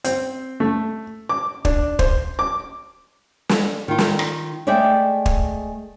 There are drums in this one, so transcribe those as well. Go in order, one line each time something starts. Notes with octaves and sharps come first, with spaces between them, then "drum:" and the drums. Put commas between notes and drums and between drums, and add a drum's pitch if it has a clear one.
C4, drum: hi-hat
A3
D6
D4, drum: kick
C5, drum: kick
D6
drum: snare
D#3 F4
drum: snare
drum: rim click
G#3 A3 D5 E5 G5
drum: kick